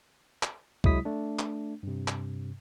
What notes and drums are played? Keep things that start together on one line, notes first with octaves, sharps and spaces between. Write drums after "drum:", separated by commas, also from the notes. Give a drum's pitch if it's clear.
drum: clap
C3 F#3 G#3 E4 D#6 B6, drum: kick C2
A3 D4
drum: clap
G2 C3
drum: clap